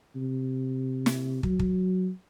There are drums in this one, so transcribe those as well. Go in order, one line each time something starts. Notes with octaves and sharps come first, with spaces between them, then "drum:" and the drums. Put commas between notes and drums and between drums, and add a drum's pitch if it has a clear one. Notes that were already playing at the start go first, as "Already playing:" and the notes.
C3
drum: snare
F#3, drum: kick
drum: kick